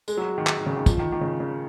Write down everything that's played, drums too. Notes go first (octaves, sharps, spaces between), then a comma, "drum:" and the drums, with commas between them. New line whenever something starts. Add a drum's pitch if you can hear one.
G#3, drum: tambourine
F#3
D#3
drum: clap
D#3
C#3
D#3
F3, drum: kick, tambourine
D#3
D#3
C#3
C#3